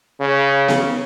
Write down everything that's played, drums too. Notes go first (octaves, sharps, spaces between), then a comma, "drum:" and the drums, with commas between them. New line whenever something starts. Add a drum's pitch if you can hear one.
C#3
drum: snare B3